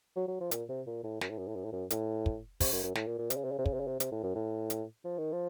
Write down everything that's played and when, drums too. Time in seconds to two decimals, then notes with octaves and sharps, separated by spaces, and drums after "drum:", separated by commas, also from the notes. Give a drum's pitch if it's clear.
0.16 F#3
0.28 F#3
0.40 F3
0.51 A#2, drum: hi-hat
0.69 C3
0.87 A#2
1.04 A2
1.21 F#2, drum: snare
1.30 A2
1.38 F#2
1.47 A2
1.56 F#2
1.64 A2
1.73 F#2
1.90 A2, drum: hi-hat
2.26 drum: kick
2.60 C3, drum: kick, open hi-hat
2.73 F#2
2.84 F#2
2.95 A2, drum: snare
3.07 A#2
3.19 A#2
3.30 C3, drum: hi-hat
3.37 C#3
3.44 C3
3.52 C#3
3.59 C3
3.66 C#3, drum: kick
3.73 C3
3.80 C#3
3.87 C3
4.00 C3, drum: hi-hat
4.12 A2
4.23 F#2
4.35 A2
4.70 drum: hi-hat
5.05 F3
5.18 D#3
5.32 F3